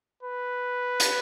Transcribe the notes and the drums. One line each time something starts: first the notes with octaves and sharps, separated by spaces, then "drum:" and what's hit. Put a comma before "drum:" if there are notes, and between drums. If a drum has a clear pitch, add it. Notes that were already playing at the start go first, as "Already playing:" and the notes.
B4
drum: hi-hat